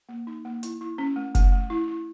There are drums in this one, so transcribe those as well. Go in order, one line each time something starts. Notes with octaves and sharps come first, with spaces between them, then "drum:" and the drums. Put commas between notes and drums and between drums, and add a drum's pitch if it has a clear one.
A#3
D#4
A#3
E4, drum: hi-hat
E4
C#4
A3
A3, drum: kick F1, hi-hat
A3
E4
E4